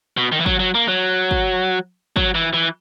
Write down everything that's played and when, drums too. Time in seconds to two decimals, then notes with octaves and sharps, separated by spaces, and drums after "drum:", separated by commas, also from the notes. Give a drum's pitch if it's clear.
0.17 B2
0.32 D#3
0.40 E3
0.46 F#3, drum: kick
0.59 F#3
0.75 A#3
0.88 F#3
1.31 drum: kick
2.16 F#3, drum: kick
2.35 E3
2.54 E3